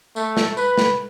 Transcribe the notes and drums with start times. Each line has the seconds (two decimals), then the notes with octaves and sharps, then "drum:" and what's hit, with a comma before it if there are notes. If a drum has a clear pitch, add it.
0.16 A3, drum: tambourine
0.37 drum: snare
0.57 B4, drum: tambourine
0.78 drum: snare